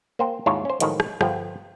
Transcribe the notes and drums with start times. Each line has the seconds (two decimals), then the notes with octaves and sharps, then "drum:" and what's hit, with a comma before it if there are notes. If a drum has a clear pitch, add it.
0.19 A#3 C5 G5
0.46 D#2 G#2 E4 F4 C#5 A5
0.65 C#4 C5
0.80 A2 D#3 F3 F#3 G#3, drum: hi-hat
1.00 drum: rim click
1.21 G1 F3 G5, drum: rim click